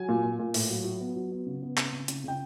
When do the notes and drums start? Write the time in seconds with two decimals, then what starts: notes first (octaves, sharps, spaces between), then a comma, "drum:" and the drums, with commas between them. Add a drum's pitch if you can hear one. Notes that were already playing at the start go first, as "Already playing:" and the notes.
Already playing: F#3 G#5
0.09 A#2
0.23 A#2
0.39 A#2
0.54 A2, drum: open hi-hat
0.69 F#3
0.84 F#3
1.00 B3
1.16 F#3
1.32 B3
1.46 C#3
1.63 B3
1.78 C#3, drum: clap
1.92 C#3
2.08 C#3, drum: hi-hat
2.24 C#3 G5